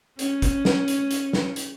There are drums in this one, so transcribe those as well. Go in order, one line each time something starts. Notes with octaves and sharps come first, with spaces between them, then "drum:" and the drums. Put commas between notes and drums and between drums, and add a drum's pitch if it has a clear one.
C#4, drum: hi-hat
drum: kick, hi-hat
drum: snare
drum: hi-hat
drum: hi-hat
drum: snare
drum: hi-hat